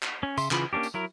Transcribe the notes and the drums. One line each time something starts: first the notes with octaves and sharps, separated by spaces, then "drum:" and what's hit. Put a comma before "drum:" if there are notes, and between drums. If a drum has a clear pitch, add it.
drum: clap
C#4
C#3 E5 C6, drum: tambourine
C#3 E3 F4 B5, drum: clap
A#3 C#4 D4 G4
drum: tambourine
F#3 E4 A#4